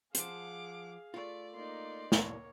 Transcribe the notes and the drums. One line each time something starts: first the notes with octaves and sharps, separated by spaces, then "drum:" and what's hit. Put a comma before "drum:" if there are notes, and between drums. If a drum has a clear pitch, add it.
F3 G#4 C5 F5 F#5 D6, drum: hi-hat
A3 F4 D5
A#3 D#4 D5 C6
G2 B2 E3 A#3 C#5, drum: snare